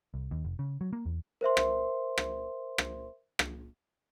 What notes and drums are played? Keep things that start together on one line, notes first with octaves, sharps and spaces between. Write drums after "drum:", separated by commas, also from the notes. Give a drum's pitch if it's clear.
C2
D#2
F1
C#3
F#3
A#3
E2
A#4 C5 E5 C6
drum: rim click
drum: rim click
drum: rim click
drum: rim click